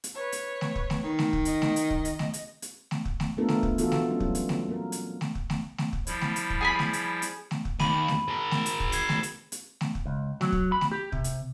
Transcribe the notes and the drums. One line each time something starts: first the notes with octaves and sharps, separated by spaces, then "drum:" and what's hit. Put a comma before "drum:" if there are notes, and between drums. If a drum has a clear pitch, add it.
drum: hi-hat
B4 C#5
drum: hi-hat
drum: snare A3
drum: kick
drum: snare A3
D#3
drum: snare A3
drum: kick
D#5, drum: hi-hat
drum: snare A3
drum: hi-hat
drum: kick
drum: hi-hat
drum: snare A3
drum: hi-hat
drum: hi-hat
drum: snare A3
drum: kick
drum: snare A3
A3 B3 D4 F4 A4 A#4
drum: snare A3
drum: kick
E3 B3 F4 F#4 A4, drum: hi-hat
drum: snare A3
F#3 G3 C#4
drum: kick
drum: hi-hat
drum: snare A3
A#3 A#4
drum: hi-hat
drum: snare A3
drum: kick
drum: snare A3
drum: snare A3
drum: kick
F3 G3 E4, drum: hi-hat
drum: snare A3
drum: hi-hat
drum: kick
G#4 G#5 B5
drum: snare A3
drum: hi-hat
drum: hi-hat
drum: snare A3
drum: kick
D#2 B5 D#7, drum: snare A3
drum: snare A3
G#4 A#4
drum: snare A3
drum: hi-hat
drum: kick
G#6 C7, drum: hi-hat
drum: snare A3
drum: hi-hat
drum: hi-hat
drum: snare A3
drum: kick
C#2
F#3, drum: snare A3
drum: kick
B5
drum: snare A3
G4
C3, drum: kick
drum: hi-hat